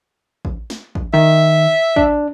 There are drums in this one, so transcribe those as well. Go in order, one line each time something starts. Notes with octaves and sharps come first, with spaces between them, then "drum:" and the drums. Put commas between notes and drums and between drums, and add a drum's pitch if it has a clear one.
drum: kick A1
drum: snare
drum: kick A1
D#3 E5
D4, drum: kick A1